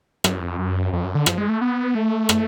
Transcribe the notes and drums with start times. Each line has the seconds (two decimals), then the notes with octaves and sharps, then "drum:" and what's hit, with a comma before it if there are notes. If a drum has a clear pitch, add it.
0.24 F#2, drum: rim click
0.41 F2
0.58 F#2
0.93 F2
1.04 F#2
1.15 D3
1.26 F3, drum: rim click
1.38 G#3
1.49 A3
1.61 B3
1.95 A3
2.29 drum: rim click